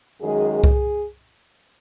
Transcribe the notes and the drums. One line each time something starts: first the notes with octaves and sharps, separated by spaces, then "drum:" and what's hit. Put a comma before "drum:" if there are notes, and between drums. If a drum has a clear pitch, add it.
F#2 D#3 G#3 G#4
G#4
drum: kick C2